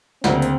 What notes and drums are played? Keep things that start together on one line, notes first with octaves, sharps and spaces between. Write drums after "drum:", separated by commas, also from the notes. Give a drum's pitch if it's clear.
D2 C#3 F#3 A#3 C4, drum: snare
drum: hi-hat